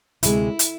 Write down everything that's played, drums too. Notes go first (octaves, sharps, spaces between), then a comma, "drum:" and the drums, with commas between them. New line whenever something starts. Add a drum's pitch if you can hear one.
D2 C3 G#3 E4, drum: hi-hat
drum: hi-hat